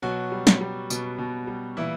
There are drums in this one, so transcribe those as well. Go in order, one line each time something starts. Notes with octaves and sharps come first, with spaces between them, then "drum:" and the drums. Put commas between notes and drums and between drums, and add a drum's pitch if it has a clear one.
B2 F#3 F#4
G3
drum: snare
G3
B2, drum: tambourine
B2
G3
A#2 E3 E4